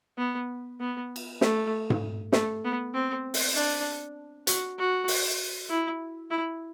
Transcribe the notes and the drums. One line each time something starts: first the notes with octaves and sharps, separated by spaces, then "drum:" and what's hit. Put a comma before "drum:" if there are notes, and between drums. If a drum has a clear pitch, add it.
B3
B3
drum: cymbal
A3, drum: snare
drum: tom G#2
A3, drum: snare
B3
C4
drum: open hi-hat
D4
F#4, drum: hi-hat
F#4
drum: open hi-hat
E4
E4